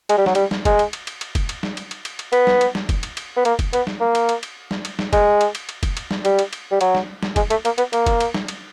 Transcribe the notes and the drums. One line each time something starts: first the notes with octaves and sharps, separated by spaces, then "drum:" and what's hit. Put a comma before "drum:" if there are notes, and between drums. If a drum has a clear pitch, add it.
G#3, drum: cymbal
G3
F#3, drum: snare
G3, drum: cymbal
drum: snare
G#3, drum: kick, cymbal
drum: cymbal
drum: cymbal
drum: cymbal
drum: cymbal
drum: kick, cymbal
drum: cymbal
drum: snare
drum: cymbal
drum: cymbal
drum: cymbal
drum: cymbal
B3, drum: cymbal
drum: snare
drum: cymbal
drum: snare
drum: kick, cymbal
drum: cymbal
drum: cymbal
B3
A#3, drum: cymbal
drum: kick, cymbal
B3, drum: cymbal
drum: snare
A#3
drum: cymbal
drum: cymbal
drum: cymbal
drum: snare
drum: cymbal
drum: snare
G#3, drum: kick, cymbal
drum: cymbal
drum: cymbal
drum: cymbal
drum: kick, cymbal
drum: cymbal
drum: snare
G3, drum: cymbal
drum: cymbal
drum: cymbal
G3
F#3, drum: cymbal
drum: snare
drum: snare
G#3, drum: kick, cymbal
A3, drum: cymbal
A#3, drum: cymbal
B3, drum: cymbal
A#3, drum: cymbal
drum: kick, cymbal
drum: cymbal
drum: snare
drum: cymbal